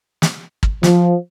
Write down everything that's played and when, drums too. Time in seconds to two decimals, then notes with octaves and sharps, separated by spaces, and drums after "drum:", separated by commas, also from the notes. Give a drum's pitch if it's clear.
0.22 drum: snare
0.63 drum: kick
0.83 F3, drum: snare